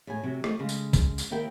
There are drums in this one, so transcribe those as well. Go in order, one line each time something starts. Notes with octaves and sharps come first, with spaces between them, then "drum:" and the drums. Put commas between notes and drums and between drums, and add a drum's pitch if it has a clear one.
A2 G#5
C3 F#3
A3 D#5, drum: rim click
C#3 G#3
drum: tambourine
drum: kick B1, tambourine
drum: tambourine
D#2 E4 A#4 G5